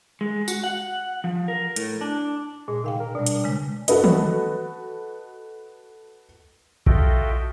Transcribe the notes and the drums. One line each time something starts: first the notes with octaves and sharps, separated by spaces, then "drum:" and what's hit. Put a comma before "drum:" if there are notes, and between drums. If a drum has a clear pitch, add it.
G#3
F#4, drum: tambourine
F#5
F3
A#4
A2, drum: hi-hat
D4
A#2 G#3
C3 D#3 F5 G5
A#4
B2 G3 D4
drum: hi-hat
C#3 G#3
F#4 A4 B4 D#5, drum: hi-hat
drum: tom
F4 F#4 A4 D#5 E5 G5, drum: kick A#1